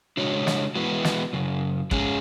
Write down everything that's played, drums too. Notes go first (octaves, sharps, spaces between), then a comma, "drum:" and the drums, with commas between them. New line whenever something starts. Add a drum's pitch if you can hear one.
C#3 G#3 D4 F#4 C#5
drum: snare
E3 G#3 B3 F#4 B4
drum: snare
F#2 C#3
G#2 G#3 C#4 G#4, drum: kick